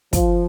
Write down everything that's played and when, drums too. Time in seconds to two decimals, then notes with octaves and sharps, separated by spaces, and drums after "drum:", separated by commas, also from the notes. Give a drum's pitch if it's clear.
0.13 F3, drum: kick, hi-hat